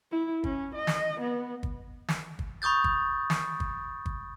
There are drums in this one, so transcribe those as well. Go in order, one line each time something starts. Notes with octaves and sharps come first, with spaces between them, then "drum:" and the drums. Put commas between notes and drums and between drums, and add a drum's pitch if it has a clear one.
E4
C#4, drum: kick G1
D#5
drum: snare
B3
drum: kick G1
drum: snare
drum: kick G1
B5 C#6 D#6 G6 A6
drum: kick G1
drum: snare
drum: kick G1
drum: kick G1